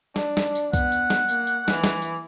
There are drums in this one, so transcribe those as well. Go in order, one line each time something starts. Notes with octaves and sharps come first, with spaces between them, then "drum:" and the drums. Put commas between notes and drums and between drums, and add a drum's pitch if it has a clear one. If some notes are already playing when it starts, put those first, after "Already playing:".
D4, drum: snare
drum: snare
drum: tambourine
B3 F#5, drum: kick B1, tambourine
drum: tambourine
drum: snare
A#3, drum: tambourine
drum: tambourine
E3, drum: snare
drum: snare
drum: tambourine